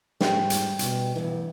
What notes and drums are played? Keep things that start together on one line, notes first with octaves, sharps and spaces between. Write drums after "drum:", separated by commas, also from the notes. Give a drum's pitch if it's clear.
G#2 G3, drum: snare
drum: hi-hat
B2, drum: hi-hat
D2 G2 E3